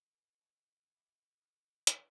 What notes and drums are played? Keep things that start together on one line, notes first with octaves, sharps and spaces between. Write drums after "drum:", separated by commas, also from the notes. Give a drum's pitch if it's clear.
A4 B4 G#5
B4 C#5 E5 G#5 A5 B5
E5 G5 B5 D6
B5 D#6 F6 F#6 A6
drum: hi-hat